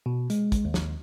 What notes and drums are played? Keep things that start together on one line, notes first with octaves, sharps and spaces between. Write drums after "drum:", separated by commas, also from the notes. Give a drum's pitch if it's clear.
B2
G#3, drum: hi-hat
drum: kick, hi-hat
D#2
drum: snare